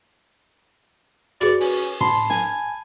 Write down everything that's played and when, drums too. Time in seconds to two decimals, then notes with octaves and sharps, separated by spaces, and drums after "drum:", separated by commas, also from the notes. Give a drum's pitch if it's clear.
1.41 F#4 G#4 B4 D5, drum: rim click
1.60 C#4, drum: open hi-hat
2.01 A5 B5 C6, drum: tom
2.30 G#5, drum: snare